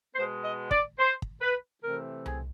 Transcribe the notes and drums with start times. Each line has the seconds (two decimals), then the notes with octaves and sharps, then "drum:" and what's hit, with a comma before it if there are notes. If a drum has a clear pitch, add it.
0.15 B2 G#3 B3 C5
0.43 D#5
0.71 D5, drum: kick
0.99 C5
1.22 drum: kick
1.41 B4
1.83 C3 E3 A3 C4 A#4
2.26 G#4, drum: tom C2